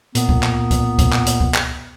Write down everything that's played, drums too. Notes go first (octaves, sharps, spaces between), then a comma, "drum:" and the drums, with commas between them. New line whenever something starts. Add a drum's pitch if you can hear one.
A#2 B3, drum: hi-hat
drum: kick C#2
drum: clap
drum: kick C#2, hi-hat
drum: kick C#2, hi-hat
drum: clap
drum: hi-hat
drum: kick C#2
drum: clap